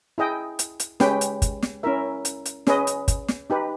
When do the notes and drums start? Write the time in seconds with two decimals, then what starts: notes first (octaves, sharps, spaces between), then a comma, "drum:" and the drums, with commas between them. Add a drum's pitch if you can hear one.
0.18 E4 G#4 D#5 G5
0.59 drum: hi-hat
0.80 drum: hi-hat
1.00 G#3 C#4 G4 B4 G5, drum: snare
1.21 drum: hi-hat
1.42 drum: kick, hi-hat
1.63 drum: snare
1.83 C#4 E4 A#4 E5
2.25 drum: hi-hat
2.45 drum: hi-hat
2.67 C#4 G#4 B4 D#5, drum: snare
2.87 drum: hi-hat
3.08 drum: kick, hi-hat
3.28 drum: snare
3.50 D#4 G4 B4